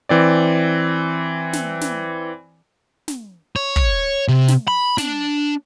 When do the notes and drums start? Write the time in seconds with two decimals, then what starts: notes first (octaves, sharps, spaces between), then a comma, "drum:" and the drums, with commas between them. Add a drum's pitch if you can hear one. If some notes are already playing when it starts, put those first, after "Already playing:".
0.09 E3 C4 D5
1.53 drum: snare
1.81 drum: snare
3.08 drum: snare
3.56 C#5
3.76 drum: kick
4.28 C3
4.48 drum: snare
4.68 B5
4.98 D4, drum: snare